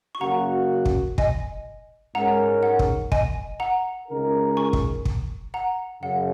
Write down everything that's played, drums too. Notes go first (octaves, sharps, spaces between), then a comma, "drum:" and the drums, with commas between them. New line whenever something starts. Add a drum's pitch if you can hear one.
C#6
F#2 C#3 F#3 A#3 F#4 F#5 A#5
drum: kick
D#5 G#5, drum: kick
G#2 G#3 C#4 A#4 F#5 A#5
F#5
drum: kick
D#5 G#5, drum: kick
F#5 A#5
C#2 C#3 G#3 D#4 A#4
G#5 C#6
drum: kick
drum: kick
F#5 A#5
F#2 C#3 F#5